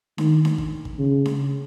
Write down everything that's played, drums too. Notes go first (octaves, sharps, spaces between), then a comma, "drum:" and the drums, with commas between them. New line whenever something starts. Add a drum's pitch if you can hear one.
D#3, drum: snare D4
drum: snare D4
drum: kick
drum: kick
C#3
drum: snare D4